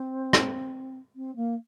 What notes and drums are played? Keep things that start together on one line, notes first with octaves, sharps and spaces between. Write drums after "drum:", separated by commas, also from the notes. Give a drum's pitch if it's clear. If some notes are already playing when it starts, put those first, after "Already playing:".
Already playing: C4
drum: rim click
C4
A#3